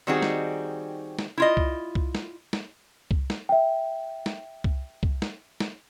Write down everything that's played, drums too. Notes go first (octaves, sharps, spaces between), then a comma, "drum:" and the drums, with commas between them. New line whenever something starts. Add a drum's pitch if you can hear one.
D#3 G3 C4 D#4 F#4 G#4
drum: snare
drum: snare
E4 F4 D#5
drum: kick C2
drum: kick C2
drum: snare
drum: snare
drum: kick C2
drum: snare
E5 G5
drum: snare
drum: kick C2
drum: kick C2
drum: snare
drum: snare